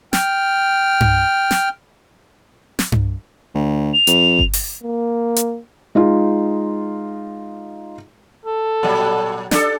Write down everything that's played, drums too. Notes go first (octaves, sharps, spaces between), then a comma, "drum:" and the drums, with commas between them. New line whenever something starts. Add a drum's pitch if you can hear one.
G5 F6, drum: snare
drum: tom G2
drum: snare
drum: snare
drum: tom G2
D2
F7
F2, drum: hi-hat
drum: kick G1
drum: open hi-hat
A#3
drum: hi-hat
G#3 D#4 F4
A4
A#2 F#3 G3
D4 G4 A4, drum: snare